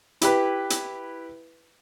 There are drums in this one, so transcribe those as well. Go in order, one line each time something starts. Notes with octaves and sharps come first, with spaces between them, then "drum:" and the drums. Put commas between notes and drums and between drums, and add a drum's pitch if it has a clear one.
E4 G4 B4, drum: hi-hat
drum: hi-hat